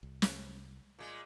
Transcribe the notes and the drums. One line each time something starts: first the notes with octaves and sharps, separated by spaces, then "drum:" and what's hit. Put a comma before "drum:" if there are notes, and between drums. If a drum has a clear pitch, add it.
C2
drum: snare
A#2 G#3